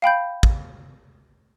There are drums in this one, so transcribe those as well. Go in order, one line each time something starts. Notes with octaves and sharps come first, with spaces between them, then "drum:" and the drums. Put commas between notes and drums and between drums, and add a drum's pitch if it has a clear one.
F5 G5 B5 G6
drum: kick